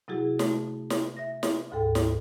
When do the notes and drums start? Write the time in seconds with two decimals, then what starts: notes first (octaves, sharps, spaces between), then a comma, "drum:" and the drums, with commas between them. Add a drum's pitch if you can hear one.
0.08 C3 F#3 E4 F#4 G#4
0.39 A3, drum: snare
0.90 drum: snare
1.17 E5 A#6
1.43 drum: snare
1.72 D2 G#2 A4 G5
1.95 drum: snare